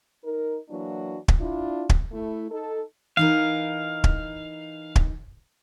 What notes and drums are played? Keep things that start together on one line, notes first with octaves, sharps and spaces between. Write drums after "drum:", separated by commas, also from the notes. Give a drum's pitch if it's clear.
D#4 A#4
E3 F#3 A#3 D4 E4 F#4
drum: kick
D4 E4 F4
drum: kick
A3 E4
D#4 A4
E3 D#4 A#4 F5
drum: kick
drum: kick